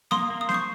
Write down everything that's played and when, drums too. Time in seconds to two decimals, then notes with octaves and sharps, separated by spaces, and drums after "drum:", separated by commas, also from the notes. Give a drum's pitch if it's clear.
0.11 A#3 C6 D#6, drum: snare
0.30 A#3
0.41 D#6
0.49 C5, drum: snare
0.54 C#6